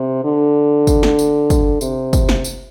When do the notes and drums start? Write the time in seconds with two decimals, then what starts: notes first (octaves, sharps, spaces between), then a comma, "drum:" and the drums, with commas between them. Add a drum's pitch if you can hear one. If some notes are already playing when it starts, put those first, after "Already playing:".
Already playing: C3
0.24 D3
0.87 drum: kick, tambourine
1.03 drum: snare
1.19 drum: tambourine
1.50 drum: kick, tambourine
1.81 C3, drum: tambourine
2.13 drum: kick, tambourine
2.29 drum: snare
2.44 drum: tambourine